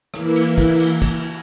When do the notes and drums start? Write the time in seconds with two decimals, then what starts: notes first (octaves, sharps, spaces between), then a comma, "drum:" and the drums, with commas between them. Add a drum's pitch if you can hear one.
0.14 E3 A#3 E4, drum: rim click
0.36 drum: cymbal
0.58 drum: kick, cymbal
0.80 drum: cymbal
1.02 drum: kick, cymbal